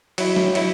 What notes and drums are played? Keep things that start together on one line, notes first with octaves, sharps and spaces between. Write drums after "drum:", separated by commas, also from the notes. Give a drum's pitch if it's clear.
F#3 E4, drum: cymbal
drum: snare
F#3 E4, drum: cymbal